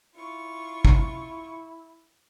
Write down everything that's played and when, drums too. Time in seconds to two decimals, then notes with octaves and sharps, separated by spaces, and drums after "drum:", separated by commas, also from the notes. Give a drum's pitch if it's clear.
0.15 E4 F4 C#6
0.85 drum: kick